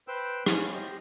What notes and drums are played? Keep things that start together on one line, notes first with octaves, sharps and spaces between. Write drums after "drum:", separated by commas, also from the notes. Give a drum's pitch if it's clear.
B4 C5 G5 E6
F3 B3 C#4, drum: rim click
G4 C5 D#5